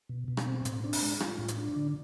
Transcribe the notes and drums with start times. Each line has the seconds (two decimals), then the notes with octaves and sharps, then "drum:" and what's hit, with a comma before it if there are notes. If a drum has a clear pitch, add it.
0.09 B2
0.28 B2
0.37 drum: rim click
0.47 C4
0.65 A2, drum: hi-hat
0.84 D4
0.93 drum: open hi-hat
1.02 G#3
1.20 F4, drum: rim click
1.39 A2
1.48 drum: hi-hat
1.58 D4
1.76 D3